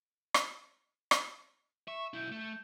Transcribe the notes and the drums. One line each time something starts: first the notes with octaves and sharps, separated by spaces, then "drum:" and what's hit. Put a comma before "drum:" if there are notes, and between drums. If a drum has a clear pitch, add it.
drum: rim click
drum: rim click
E5 C#6
B1 E4 G6
A3